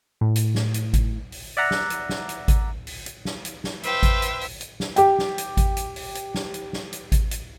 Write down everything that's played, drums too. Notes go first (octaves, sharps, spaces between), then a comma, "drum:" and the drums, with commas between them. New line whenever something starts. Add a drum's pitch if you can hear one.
A2
drum: hi-hat
drum: snare
drum: hi-hat
drum: kick G#1, hi-hat
drum: open hi-hat
D5 E5 F#5 A#5
drum: snare
drum: hi-hat
drum: snare
drum: hi-hat
drum: kick G#1, hi-hat
drum: open hi-hat
drum: hi-hat
drum: snare
drum: hi-hat
drum: snare
B4 C5 E5 F5 G5, drum: hi-hat
drum: kick G#1, hi-hat
drum: hi-hat
drum: open hi-hat
drum: hi-hat
drum: snare
G4 G5, drum: hi-hat
drum: snare
drum: hi-hat
drum: kick G#1, hi-hat
drum: hi-hat
drum: open hi-hat
drum: hi-hat
drum: snare
drum: hi-hat
drum: snare
drum: hi-hat
drum: kick G#1, hi-hat
drum: hi-hat